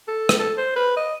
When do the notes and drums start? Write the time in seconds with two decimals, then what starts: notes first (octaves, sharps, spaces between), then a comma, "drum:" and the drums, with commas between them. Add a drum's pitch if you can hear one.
0.08 A4
0.29 drum: rim click
0.39 A4
0.58 C5
0.76 B4
0.97 D#5